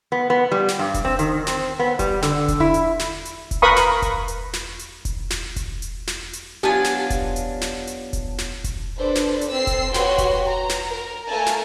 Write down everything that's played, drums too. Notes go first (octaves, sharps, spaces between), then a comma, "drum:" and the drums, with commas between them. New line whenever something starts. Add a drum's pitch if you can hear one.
B3
B3
G3
drum: snare
G2
drum: kick E1, hi-hat
C4
D#3, drum: hi-hat
C4, drum: snare
B3
G3, drum: kick E1, hi-hat
D3, drum: snare
drum: kick E1, hi-hat
E4
drum: hi-hat
drum: snare
drum: hi-hat
drum: kick E1, hi-hat
A#4 B4 F5 B5 C#6 D#6
drum: snare
drum: kick E1, hi-hat
drum: hi-hat
drum: snare
drum: hi-hat
drum: kick E1, hi-hat
drum: snare
drum: kick E1, hi-hat
drum: hi-hat
drum: snare
drum: hi-hat
F#3 B3 D4 F4 G4 G#5
drum: snare
drum: kick E1, hi-hat
drum: hi-hat
drum: snare
drum: hi-hat
drum: kick E1, hi-hat
drum: snare
drum: kick E1, hi-hat
D4 A4 B4 C5
drum: snare
drum: hi-hat
C4 A4 E6 C7
drum: kick E1, hi-hat
F#4 G4 B4 C#5 G5 C6, drum: snare
drum: kick E1, hi-hat
A#5
drum: snare
A#4
A3 A4 A#4 F5 G#5 A5
drum: snare